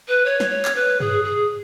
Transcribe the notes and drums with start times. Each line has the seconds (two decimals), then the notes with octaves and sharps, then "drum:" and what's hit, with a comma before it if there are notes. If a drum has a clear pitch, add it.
0.08 B4
0.26 C#5
0.40 drum: snare
0.50 C#5
0.65 drum: clap
0.76 B4
1.00 G#4, drum: tom G2
1.24 G#4